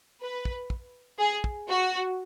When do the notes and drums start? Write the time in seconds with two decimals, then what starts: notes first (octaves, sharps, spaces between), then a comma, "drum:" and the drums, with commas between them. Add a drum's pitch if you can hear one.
0.21 B4
0.45 drum: kick
0.70 drum: kick
1.19 G#4
1.44 drum: kick
1.68 F#4